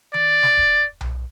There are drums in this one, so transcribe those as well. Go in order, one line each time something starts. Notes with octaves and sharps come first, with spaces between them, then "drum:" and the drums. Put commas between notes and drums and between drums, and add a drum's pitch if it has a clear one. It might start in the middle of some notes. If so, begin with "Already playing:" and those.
D5, drum: tom D#3
drum: snare
drum: kick D1
drum: tom B1